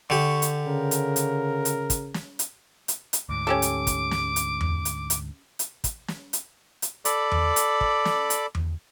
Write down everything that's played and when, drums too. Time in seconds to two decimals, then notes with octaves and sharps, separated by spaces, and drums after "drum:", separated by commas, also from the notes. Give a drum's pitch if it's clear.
0.10 D3 G4 C#6
0.42 drum: hi-hat
0.67 C#3 A#4
0.91 drum: hi-hat
1.16 drum: hi-hat
1.65 drum: hi-hat
1.90 drum: kick, hi-hat
2.14 drum: snare
2.39 drum: hi-hat
2.88 drum: hi-hat
3.13 drum: hi-hat
3.29 D2 G#2 D6
3.47 C#4 G4 A4
3.62 drum: hi-hat
3.87 drum: kick, hi-hat
4.11 drum: snare
4.36 drum: hi-hat
4.61 drum: tom E2
4.85 drum: hi-hat
5.10 drum: hi-hat
5.59 drum: hi-hat
5.84 drum: kick, hi-hat
6.08 drum: snare
6.33 drum: hi-hat
6.82 drum: hi-hat
7.05 A4 D5 B5 D6, drum: hi-hat
7.32 drum: tom E2
7.56 drum: hi-hat
7.81 drum: kick
8.05 drum: snare
8.30 drum: hi-hat
8.55 drum: tom E2